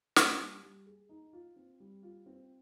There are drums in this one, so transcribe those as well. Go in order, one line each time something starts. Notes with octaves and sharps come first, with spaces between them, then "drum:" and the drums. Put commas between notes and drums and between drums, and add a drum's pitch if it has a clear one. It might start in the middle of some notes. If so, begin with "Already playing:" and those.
A#3, drum: snare
G3
G3
G#4
D#4
F4
C4
G3
F4
C4